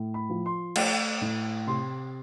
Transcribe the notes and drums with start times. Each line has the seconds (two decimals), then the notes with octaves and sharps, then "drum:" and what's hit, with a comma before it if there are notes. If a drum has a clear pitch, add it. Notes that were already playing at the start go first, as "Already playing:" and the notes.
Already playing: A2
0.14 B5
0.30 F3
0.46 C6
0.76 A3, drum: cymbal
1.21 A2
1.67 C3 C6